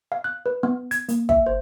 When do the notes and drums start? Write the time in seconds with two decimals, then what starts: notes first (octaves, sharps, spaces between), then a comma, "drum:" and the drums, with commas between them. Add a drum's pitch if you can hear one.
0.12 F5
0.24 F#6
0.46 B4
0.63 B3
0.91 G#6, drum: hi-hat
1.09 A#3, drum: hi-hat
1.29 E5, drum: kick
1.46 C5